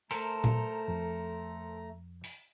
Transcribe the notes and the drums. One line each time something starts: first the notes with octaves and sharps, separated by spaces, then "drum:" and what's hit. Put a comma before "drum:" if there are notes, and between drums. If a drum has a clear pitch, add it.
A3 A4 A#4 C5 A#5, drum: open hi-hat
drum: tom A#2
F2
drum: open hi-hat